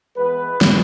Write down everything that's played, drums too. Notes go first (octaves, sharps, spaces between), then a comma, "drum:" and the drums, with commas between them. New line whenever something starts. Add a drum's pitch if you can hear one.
E3 G#3 B3 B4
drum: snare